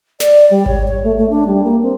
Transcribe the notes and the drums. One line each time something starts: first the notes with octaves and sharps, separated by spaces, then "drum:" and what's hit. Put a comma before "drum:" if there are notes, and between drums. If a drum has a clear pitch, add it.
D5, drum: snare
G3
C#5, drum: kick G#1
C#5
A3
A3
D4
G3
A#3
C4